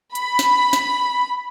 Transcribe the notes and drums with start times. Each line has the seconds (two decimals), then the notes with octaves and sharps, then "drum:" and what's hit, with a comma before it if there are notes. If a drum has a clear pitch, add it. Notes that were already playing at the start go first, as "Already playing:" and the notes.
0.15 B5, drum: hi-hat
0.39 drum: snare
0.73 drum: snare